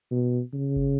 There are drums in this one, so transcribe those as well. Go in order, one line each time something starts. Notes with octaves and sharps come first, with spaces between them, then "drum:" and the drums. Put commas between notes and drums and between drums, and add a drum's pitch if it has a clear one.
B2
C#3
drum: kick G1